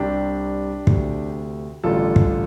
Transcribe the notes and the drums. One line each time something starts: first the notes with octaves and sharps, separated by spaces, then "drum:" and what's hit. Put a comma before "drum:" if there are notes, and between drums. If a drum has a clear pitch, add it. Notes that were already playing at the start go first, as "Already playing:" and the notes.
Already playing: C2 C3 D4 G4
D2 C3, drum: kick
A1 G2 D3 F4 A4
drum: kick